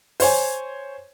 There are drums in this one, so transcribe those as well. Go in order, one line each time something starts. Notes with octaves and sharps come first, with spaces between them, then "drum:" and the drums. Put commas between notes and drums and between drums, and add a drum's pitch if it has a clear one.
C5 C#5 G#5, drum: open hi-hat